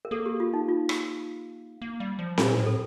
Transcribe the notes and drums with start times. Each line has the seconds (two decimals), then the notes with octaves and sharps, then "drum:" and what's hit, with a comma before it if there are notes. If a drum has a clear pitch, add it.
0.05 A#4
0.11 A#3 A4
0.26 G4
0.40 F4
0.54 D#4
0.69 F4
0.89 drum: rim click
1.82 A#3
2.00 G3
2.19 F3
2.38 A#2 A#4, drum: snare C4
2.57 A2
2.66 A4